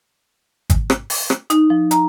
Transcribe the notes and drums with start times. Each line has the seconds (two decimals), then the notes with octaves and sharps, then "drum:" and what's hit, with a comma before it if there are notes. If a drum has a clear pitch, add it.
0.70 drum: kick G#1, hi-hat
0.90 drum: rim click
1.10 drum: open hi-hat
1.30 drum: rim click
1.50 D#4, drum: hi-hat
1.70 F3
1.91 A#5, drum: hi-hat